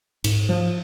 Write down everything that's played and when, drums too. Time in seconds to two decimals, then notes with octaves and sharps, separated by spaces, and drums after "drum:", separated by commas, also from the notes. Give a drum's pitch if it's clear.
0.24 G#2, drum: cymbal
0.49 F3